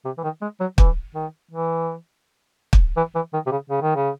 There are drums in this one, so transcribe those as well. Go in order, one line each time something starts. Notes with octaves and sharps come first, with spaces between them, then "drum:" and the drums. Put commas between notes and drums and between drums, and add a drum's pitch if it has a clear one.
C3
E3
D#3
G#3
F#3
E3, drum: kick
D#3
E3
drum: kick
E3
E3
D#3
C3
C#3
C#3
D#3
C#3